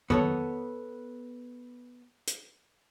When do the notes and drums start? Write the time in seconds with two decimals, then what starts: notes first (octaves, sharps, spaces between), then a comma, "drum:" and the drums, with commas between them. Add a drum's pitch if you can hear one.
0.10 B3 A4 C#5, drum: tom F2
2.27 drum: hi-hat